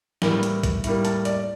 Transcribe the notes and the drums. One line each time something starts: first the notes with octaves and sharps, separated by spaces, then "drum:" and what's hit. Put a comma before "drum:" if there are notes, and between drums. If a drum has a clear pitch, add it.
A2 E3 G3 A#3, drum: snare
drum: hi-hat
drum: kick, hi-hat
A2 G3 A#3, drum: hi-hat
A5, drum: hi-hat
D5, drum: hi-hat